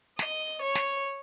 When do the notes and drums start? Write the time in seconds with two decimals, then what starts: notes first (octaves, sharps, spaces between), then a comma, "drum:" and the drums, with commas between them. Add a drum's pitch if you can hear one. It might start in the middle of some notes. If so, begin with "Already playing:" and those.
0.19 D#5, drum: snare
0.62 C#5
0.75 drum: snare